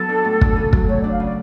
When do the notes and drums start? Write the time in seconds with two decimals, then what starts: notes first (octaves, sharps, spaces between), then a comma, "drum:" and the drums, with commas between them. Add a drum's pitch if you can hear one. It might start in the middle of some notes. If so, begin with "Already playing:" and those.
Already playing: F#3 B3 A4
0.09 D4
0.25 A2
0.41 D4, drum: kick
0.56 C#3
0.73 F#3, drum: kick
0.88 A3 C#5
1.00 D4 D5
1.11 F5
1.20 C#3 D5